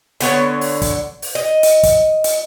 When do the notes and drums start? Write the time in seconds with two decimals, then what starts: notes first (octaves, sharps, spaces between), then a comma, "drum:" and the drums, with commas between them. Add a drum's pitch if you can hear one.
0.21 D3 B3 C#5, drum: hi-hat
0.61 drum: open hi-hat
0.82 drum: kick, hi-hat
1.22 drum: open hi-hat
1.35 D#5
1.63 drum: hi-hat
1.83 drum: kick, hi-hat
2.24 drum: hi-hat